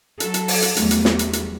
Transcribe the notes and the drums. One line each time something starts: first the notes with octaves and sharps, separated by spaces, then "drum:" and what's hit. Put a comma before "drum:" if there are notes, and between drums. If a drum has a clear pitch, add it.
F#3 A4, drum: hi-hat
drum: hi-hat
drum: open hi-hat
drum: hi-hat
E2 F#3 G3 A3, drum: hi-hat
drum: hi-hat
drum: snare
drum: hi-hat
drum: hi-hat